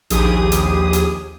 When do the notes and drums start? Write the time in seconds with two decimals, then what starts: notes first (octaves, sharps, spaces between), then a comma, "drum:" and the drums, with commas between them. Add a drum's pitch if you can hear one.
0.10 A#1 D#2 G4 G#4 D#6, drum: hi-hat
0.52 drum: hi-hat
0.93 drum: hi-hat